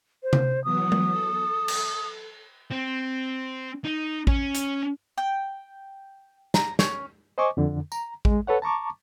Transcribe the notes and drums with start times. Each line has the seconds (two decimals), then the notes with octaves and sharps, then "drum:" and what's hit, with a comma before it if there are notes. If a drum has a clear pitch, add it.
0.23 C5
0.33 drum: tom C3
0.64 E3 F#3 B3 D#6
0.92 drum: tom G#3
1.08 A4
1.68 drum: cymbal
2.71 C4
3.84 D#4
4.27 C#4, drum: kick A1
4.55 drum: hi-hat
5.18 G5
6.54 A#5, drum: snare
6.79 C#4, drum: snare
7.38 C5 D#5 G#5 C#6 D6
7.57 F2 D3
7.92 A#5, drum: tambourine
8.25 G#3, drum: kick A1
8.47 A4 B4 C#5 F#5
8.62 A5 A#5 C#6 D6